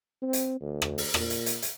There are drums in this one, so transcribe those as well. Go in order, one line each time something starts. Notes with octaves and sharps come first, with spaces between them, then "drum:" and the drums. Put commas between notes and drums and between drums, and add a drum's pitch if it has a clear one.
C4
drum: hi-hat
D2
drum: rim click
drum: open hi-hat
A#2, drum: rim click
drum: hi-hat
drum: hi-hat
drum: hi-hat